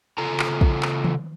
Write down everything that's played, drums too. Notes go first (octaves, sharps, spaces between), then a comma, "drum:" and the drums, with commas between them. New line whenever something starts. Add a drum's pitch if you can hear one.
C#3 F4 A4 A#5
drum: clap
drum: kick
drum: clap
drum: tom D#3